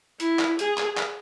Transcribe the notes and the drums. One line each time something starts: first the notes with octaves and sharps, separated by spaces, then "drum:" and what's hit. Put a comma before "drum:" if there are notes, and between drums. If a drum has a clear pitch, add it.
E4, drum: hi-hat
drum: clap
G#4, drum: hi-hat
drum: clap
drum: clap